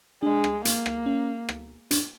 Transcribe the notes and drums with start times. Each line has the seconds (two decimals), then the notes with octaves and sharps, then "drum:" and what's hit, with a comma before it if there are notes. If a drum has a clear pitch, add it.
0.23 G#3 D4
0.44 drum: rim click
0.65 A#3, drum: hi-hat
0.86 drum: rim click
1.06 C#4
1.49 drum: rim click
1.91 D4, drum: hi-hat